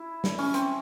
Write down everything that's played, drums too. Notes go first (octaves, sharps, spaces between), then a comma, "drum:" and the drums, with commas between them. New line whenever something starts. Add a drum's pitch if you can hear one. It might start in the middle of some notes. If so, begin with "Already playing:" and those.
Already playing: E4
drum: snare
C#4, drum: open hi-hat
C4, drum: hi-hat